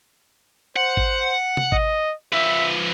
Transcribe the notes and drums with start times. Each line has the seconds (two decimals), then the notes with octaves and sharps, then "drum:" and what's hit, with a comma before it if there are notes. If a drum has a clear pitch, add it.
0.76 C5 F#5
0.97 drum: kick G#1
1.57 drum: tom C3
1.72 D#5, drum: kick G#1
2.33 F3 B4 E5